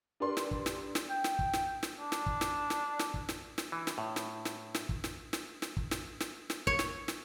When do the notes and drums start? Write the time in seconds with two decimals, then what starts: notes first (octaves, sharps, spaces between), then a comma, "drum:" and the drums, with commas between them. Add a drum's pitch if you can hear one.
0.20 D4 G4 A#4 B4 D5 C6
0.37 drum: snare
0.51 drum: kick
0.66 drum: snare
0.95 drum: snare
1.10 G5
1.24 drum: snare
1.39 drum: kick
1.53 drum: snare
1.83 drum: snare
1.99 D4
2.12 drum: snare
2.26 drum: kick
2.41 drum: snare
2.70 drum: snare
2.99 drum: snare
3.14 drum: kick
3.29 drum: snare
3.58 drum: snare
3.72 E3
3.87 drum: snare
3.98 A2
4.16 drum: snare
4.45 drum: snare
4.74 drum: snare
4.89 drum: kick
5.04 drum: snare
5.33 drum: snare
5.62 drum: snare
5.77 drum: kick
5.91 drum: snare
6.20 drum: snare
6.50 drum: snare
6.67 C#5, drum: kick
6.79 drum: snare
7.08 drum: snare